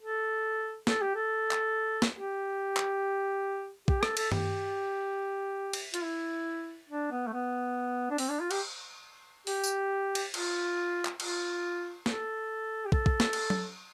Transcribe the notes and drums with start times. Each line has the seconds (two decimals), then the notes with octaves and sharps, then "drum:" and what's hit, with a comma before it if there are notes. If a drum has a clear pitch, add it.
0.01 A4
0.87 A4, drum: snare
1.01 G4
1.16 A4
1.51 drum: clap
2.02 drum: snare
2.16 G4
2.77 drum: clap
3.88 G4, drum: kick
4.03 A4, drum: rim click
4.17 A4, drum: cymbal
4.32 G4, drum: tom G2
5.73 drum: cymbal
5.94 F4, drum: hi-hat
6.03 E4
6.89 D4
7.11 B3
7.27 A3
7.33 B3
8.10 D4
8.18 C4, drum: open hi-hat
8.29 D4
8.40 F4
8.51 G4, drum: cymbal
9.47 G4, drum: open hi-hat
9.64 drum: tambourine
10.15 drum: cymbal
10.34 F4, drum: cymbal
11.05 drum: clap
11.20 F4, drum: cymbal
12.06 A4, drum: snare
12.86 G4
12.92 A4, drum: kick
13.06 drum: kick
13.20 drum: snare
13.33 drum: cymbal
13.50 drum: tom F#3